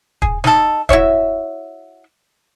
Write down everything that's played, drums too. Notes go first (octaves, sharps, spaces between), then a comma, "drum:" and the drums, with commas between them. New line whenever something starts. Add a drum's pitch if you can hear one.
G#4, drum: kick
D#4 A4, drum: snare
E4 F#4 C#5 E5, drum: kick